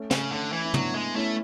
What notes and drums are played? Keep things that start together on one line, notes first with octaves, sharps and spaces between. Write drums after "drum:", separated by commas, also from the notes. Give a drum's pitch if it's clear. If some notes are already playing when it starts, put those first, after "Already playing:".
Already playing: A3 C#4
C#3, drum: snare
D3 A3 C#4
E3
E4
F#3 B3 D4, drum: tom
G#3
A3 C#4 E4